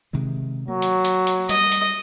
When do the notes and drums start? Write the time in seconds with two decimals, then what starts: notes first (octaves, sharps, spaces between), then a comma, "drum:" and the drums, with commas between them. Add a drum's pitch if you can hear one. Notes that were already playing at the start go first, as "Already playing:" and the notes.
0.13 C3 D#3 G#3
0.68 F#3 A#3
0.82 drum: hi-hat
1.05 drum: hi-hat
1.27 drum: hi-hat
1.49 G3 D#5, drum: hi-hat
1.72 drum: hi-hat